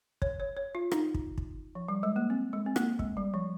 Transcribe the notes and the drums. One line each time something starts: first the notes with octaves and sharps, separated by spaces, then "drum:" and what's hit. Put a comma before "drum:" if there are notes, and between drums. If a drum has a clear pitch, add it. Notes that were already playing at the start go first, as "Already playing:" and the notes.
C#5, drum: kick
C#5
C#5
F4
D#4, drum: rim click
drum: kick
drum: kick
F3
G3
G#3
A#3
C4
G#3
C4
A#3, drum: rim click
G#3, drum: kick
G3
F3